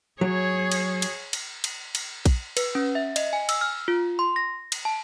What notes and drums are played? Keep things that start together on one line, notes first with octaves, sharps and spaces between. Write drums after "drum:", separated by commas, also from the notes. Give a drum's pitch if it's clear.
F#3 G#4 C#5
drum: cymbal
drum: cymbal
drum: cymbal
drum: cymbal
drum: cymbal
drum: kick A#1, cymbal
B4, drum: cymbal
C#4
E5
D#5, drum: cymbal
G#5
E6, drum: cymbal
F6
F4
C6
A#6
drum: cymbal
A5